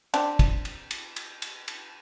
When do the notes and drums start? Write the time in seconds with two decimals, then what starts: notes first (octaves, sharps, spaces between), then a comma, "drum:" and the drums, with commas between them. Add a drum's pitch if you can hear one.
0.14 C4 D4, drum: cymbal
0.39 drum: kick, cymbal
0.65 drum: cymbal
0.91 drum: cymbal
1.16 drum: cymbal
1.42 drum: cymbal
1.68 drum: cymbal